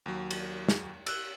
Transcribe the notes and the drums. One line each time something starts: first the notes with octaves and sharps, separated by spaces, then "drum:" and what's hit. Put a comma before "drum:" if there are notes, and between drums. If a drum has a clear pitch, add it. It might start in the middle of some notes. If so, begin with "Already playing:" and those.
D#2 F#3
drum: cymbal
drum: snare
E6 F#6, drum: cymbal